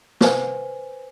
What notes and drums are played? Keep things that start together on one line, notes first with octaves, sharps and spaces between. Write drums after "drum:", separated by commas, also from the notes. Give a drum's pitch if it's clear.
B4 C5 G#5, drum: snare